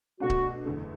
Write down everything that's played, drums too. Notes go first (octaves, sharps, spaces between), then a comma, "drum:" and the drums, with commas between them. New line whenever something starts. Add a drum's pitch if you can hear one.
B2 A3 D4 F#4
drum: kick C#1
F#1 E2 D3 A3